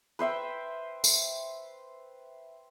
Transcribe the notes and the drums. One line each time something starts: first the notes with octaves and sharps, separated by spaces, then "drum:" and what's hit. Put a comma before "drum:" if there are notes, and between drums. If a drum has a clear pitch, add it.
B4 C5 E5 G5
drum: tambourine